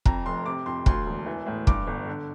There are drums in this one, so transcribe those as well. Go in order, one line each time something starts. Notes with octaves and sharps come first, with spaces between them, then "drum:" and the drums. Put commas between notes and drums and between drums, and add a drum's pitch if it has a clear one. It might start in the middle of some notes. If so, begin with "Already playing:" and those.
F2 A#5, drum: kick
F1 C6
C3 D6
F2 C6
D2 C6, drum: kick
E1
E3
A2
G2 D6, drum: kick
G1
D3